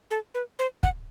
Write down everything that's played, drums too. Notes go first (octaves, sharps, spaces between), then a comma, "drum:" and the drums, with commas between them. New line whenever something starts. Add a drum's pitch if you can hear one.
A4
B4
C5
F#5, drum: kick